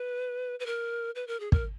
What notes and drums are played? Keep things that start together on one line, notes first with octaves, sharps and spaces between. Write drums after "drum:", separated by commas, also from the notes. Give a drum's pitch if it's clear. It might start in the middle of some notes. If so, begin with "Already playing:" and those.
Already playing: B4
B4
A#4
B4
A#4
G#4
A#4, drum: kick